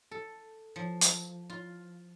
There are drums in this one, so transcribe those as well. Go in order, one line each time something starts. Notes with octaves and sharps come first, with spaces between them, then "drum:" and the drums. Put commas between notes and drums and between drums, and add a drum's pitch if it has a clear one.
A4
F3
drum: hi-hat
F4